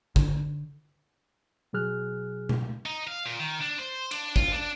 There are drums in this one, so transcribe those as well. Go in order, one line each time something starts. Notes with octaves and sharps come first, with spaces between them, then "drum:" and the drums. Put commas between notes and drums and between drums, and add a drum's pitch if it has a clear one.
D3, drum: kick G#1
B2 F#3 G#4 F6 F#6
drum: tom B2
D#4
F5
A#2
D#3
D4
C5
D4, drum: cymbal
F4, drum: kick G#1
D4